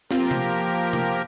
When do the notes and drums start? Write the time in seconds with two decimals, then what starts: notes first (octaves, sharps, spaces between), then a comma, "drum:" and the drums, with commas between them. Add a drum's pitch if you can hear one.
0.11 F3 A#3 C4 F4 G4 A#4, drum: snare
0.31 drum: tom C3
0.93 drum: tom C3